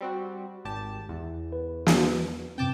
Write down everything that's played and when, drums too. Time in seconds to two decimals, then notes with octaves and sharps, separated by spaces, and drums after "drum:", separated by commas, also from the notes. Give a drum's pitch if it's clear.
0.01 G3 C4 F#4
0.65 G#1 G4 A5
1.09 E2
1.52 B4
1.87 drum: snare
2.58 F#2 C3 C4 G5 A5 D6